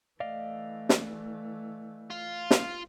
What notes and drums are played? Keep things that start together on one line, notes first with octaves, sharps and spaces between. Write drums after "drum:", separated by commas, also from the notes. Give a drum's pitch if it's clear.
E3 A3 D5 D#5 F5
drum: snare
F4
drum: snare